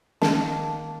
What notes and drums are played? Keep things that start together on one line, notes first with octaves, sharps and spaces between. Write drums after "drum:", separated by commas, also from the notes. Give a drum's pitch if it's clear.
D#3 A#3 A5, drum: snare